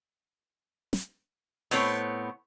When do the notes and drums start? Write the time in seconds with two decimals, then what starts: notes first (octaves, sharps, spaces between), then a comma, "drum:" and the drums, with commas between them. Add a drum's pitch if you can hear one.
0.93 drum: snare
1.71 A2 B3 C4 C#5, drum: open hi-hat